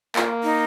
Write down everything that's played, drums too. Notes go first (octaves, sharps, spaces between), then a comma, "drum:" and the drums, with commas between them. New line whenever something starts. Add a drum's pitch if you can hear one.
A#3 F4, drum: clap
D#4